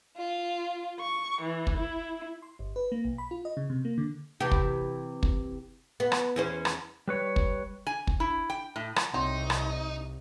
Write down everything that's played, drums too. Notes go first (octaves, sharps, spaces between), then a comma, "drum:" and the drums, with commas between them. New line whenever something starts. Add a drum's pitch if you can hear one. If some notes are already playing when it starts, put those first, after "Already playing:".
F4
C#6
E3
drum: kick
E4
C6
G1
B4
A#3
B1
B5
F4
D#5
C#3
C3
A#3
D3
C3 E3 G4
drum: kick
drum: kick
B3
drum: rim click
E2 C#4 C5
drum: rim click
G3 B4 C#5
drum: kick
G#5
drum: kick
E4
G5
A2
drum: rim click
C2 F#3 C4 D#4 C#5
drum: rim click